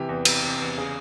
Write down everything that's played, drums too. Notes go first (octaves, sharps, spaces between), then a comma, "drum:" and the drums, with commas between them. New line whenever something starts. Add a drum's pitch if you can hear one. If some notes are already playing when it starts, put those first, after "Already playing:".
Already playing: C3 E3 G4
E2
C3, drum: cymbal
C3
E2
C#3 G#4